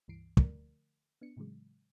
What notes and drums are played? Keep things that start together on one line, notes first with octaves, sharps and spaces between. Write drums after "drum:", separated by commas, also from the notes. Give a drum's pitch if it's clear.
C#2 G2 E3 C7 D7
D3 F3 A3 A#4 D5, drum: kick
B3 D4 C#7
A2 C#3 E3 F#3 G#3